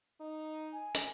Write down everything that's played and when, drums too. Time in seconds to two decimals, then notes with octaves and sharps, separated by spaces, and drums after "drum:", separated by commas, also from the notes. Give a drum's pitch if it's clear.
0.21 D#4
0.73 G#5
0.94 drum: hi-hat